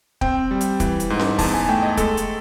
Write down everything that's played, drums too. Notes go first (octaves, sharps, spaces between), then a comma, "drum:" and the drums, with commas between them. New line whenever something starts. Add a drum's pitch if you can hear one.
C4 G5, drum: kick
G3
drum: hi-hat
E3, drum: kick, hi-hat
drum: hi-hat
G#2
drum: snare C#4
E2 A5, drum: kick, open hi-hat
G#5
A3 G5
D#5
G#3 A4, drum: kick, hi-hat
drum: hi-hat